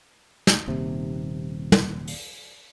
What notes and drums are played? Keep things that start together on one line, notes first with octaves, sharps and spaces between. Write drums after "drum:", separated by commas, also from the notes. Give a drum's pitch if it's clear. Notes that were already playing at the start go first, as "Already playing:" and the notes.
drum: snare
D#1 D#2 C3
drum: tom
drum: open hi-hat